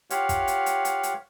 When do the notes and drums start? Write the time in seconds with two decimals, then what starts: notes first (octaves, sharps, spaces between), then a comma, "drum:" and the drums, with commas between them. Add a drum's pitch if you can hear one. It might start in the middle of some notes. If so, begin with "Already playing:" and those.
0.10 F4 G4 C#5 F5 F#5, drum: hi-hat
0.29 drum: kick, hi-hat
0.48 drum: hi-hat
0.66 drum: hi-hat
0.85 drum: hi-hat
1.03 drum: hi-hat